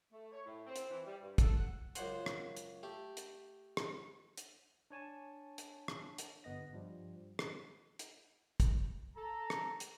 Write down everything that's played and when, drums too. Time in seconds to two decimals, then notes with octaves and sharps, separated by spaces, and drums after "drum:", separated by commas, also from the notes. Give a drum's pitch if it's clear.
0.13 A3
0.32 C#5
0.45 A2
0.66 C4
0.76 drum: hi-hat
0.90 E3
1.06 G3
1.22 G2
1.38 A4, drum: kick, hi-hat
1.57 F#5
1.95 C#2 F#2 C5 F#5 C6, drum: hi-hat
2.26 drum: rim click
2.57 drum: hi-hat
2.83 A3 G4
3.17 drum: hi-hat
3.77 drum: rim click
4.37 drum: hi-hat
4.90 D4 C#5 G#5 A5
5.58 drum: hi-hat
5.88 drum: rim click
6.18 drum: hi-hat
6.44 G1 B3 D#5 A#6
6.73 G2 F3 G3
7.39 drum: rim click
7.99 drum: hi-hat
8.60 drum: kick, hi-hat
9.17 A4 A#5
9.50 drum: rim click
9.80 drum: hi-hat